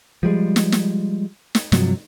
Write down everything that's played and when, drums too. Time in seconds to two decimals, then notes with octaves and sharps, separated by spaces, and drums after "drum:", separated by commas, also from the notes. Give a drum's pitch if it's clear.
0.23 F3 G3 G#3
0.56 drum: snare
0.72 drum: snare
1.55 drum: snare
1.72 G2 C3 F3 F#3, drum: snare